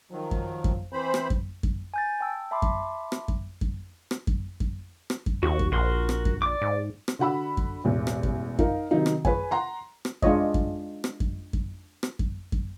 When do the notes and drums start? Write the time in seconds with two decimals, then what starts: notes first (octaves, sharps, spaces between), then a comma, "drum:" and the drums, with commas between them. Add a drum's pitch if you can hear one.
0.11 D#3 F3 F#3
0.31 drum: kick F#2
0.64 drum: kick F#2
0.93 E3 C4 C5 B5
1.14 drum: rim click
1.30 drum: kick F#2
1.63 drum: kick F#2
1.94 G#5 G6 A6
2.21 G5 A5 E6
2.51 E5 A5 B5 C6 D6
2.62 drum: kick F#2
3.12 drum: rim click
3.28 drum: kick F#2
3.61 drum: kick F#2
4.11 drum: rim click
4.27 drum: kick F#2
4.60 drum: kick F#2
5.10 drum: rim click
5.26 drum: kick F#2
5.43 D#2 F#4 C#6
5.59 drum: kick F#2
5.72 A#1 F#4 A#4 C6
6.09 drum: rim click
6.25 drum: kick F#2
6.42 D5 D6
6.62 G#2
7.08 drum: rim click
7.19 D3 F#4 F#5 B5 E6
7.57 drum: kick F#2
7.84 E1 A1 E2
8.07 drum: rim click
8.23 drum: kick F#2
8.59 D#4 A#4 F5, drum: kick F#2
8.91 C3 D#3 F#3 D#4
9.06 drum: rim click
9.25 G#4 B4 C#5 G#5, drum: kick F#2
9.51 F#5 A#5 C6
10.05 drum: rim click
10.22 G#3 D4 F4 C#5 D#5, drum: kick F#2
10.54 drum: kick F#2
11.04 drum: rim click
11.20 drum: kick F#2
11.53 drum: kick F#2
12.03 drum: rim click
12.19 drum: kick F#2
12.52 drum: kick F#2